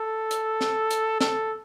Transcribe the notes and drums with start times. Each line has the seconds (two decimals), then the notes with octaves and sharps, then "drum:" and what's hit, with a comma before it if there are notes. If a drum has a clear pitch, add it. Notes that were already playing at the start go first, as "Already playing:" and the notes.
Already playing: A4
0.31 drum: hi-hat
0.61 drum: snare
0.91 drum: hi-hat
1.21 A4, drum: snare